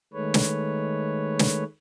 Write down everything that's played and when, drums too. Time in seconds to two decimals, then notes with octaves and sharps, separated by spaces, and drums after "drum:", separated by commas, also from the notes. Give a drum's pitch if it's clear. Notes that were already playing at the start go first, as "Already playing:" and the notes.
0.13 D#3 G#3 A3 B4 C#5
0.34 drum: snare
1.39 drum: snare